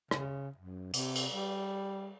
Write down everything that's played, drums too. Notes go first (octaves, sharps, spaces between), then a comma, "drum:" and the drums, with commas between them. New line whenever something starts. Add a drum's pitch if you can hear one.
C#3, drum: rim click
F#2
C3, drum: cymbal
drum: cymbal
G3